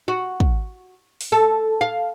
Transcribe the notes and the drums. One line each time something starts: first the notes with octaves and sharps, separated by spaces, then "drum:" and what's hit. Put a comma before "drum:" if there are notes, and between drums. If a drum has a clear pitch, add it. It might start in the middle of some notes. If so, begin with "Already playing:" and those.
F#4
drum: kick
drum: open hi-hat
A4
F5